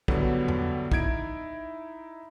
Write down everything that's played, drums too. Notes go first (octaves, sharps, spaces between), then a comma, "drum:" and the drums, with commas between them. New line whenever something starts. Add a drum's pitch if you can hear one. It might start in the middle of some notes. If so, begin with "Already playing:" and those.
A2 D3 F#3 G3 B3, drum: kick
drum: tom E2
D#4 E4 G#6 D7, drum: kick